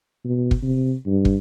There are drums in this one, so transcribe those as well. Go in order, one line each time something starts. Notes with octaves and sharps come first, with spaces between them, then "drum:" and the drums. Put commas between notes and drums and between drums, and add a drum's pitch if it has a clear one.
B2
drum: kick
C3
G2
drum: kick